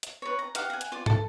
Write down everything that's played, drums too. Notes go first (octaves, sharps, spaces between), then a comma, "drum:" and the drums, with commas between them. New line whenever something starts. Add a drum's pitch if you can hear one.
drum: hi-hat
B4 C#5
A#5
G4 F5 F#5, drum: hi-hat
F#5 G#5
drum: hi-hat
F4 D5
A4, drum: tom